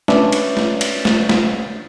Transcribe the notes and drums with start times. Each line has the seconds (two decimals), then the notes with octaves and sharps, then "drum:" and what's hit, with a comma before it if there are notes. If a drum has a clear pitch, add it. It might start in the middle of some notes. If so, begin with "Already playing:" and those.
0.08 C#4 D4 B4 C#5 D5 E5, drum: snare
0.32 drum: cymbal
0.57 drum: snare
0.81 drum: cymbal
1.05 drum: snare
1.29 drum: snare